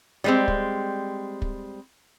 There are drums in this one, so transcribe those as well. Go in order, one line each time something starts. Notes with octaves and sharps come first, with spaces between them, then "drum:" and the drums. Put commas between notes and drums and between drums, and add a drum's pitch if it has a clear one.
G3 G#3 C4
drum: kick
drum: kick